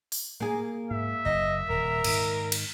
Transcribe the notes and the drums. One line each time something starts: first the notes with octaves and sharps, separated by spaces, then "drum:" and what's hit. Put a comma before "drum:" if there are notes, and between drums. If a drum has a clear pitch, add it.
drum: open hi-hat
A#3 G#4
G#2 E5
F#1 D#5
D#1 A#4
G#2 D#3, drum: cymbal
drum: cymbal